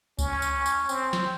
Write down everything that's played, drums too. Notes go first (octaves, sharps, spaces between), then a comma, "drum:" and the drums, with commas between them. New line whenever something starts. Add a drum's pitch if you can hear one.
C#4, drum: kick C#2, tambourine
drum: tambourine
drum: tambourine
C4, drum: tambourine
drum: snare